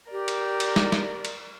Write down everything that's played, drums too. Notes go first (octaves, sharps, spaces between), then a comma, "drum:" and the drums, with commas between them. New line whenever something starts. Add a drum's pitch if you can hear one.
G4 A#4 D5
drum: cymbal
drum: cymbal
drum: snare
drum: snare
drum: cymbal